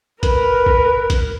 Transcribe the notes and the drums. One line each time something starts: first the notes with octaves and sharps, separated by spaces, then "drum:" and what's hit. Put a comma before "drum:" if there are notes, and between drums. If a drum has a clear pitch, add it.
A#4 B4, drum: kick, hi-hat
drum: kick
drum: kick, hi-hat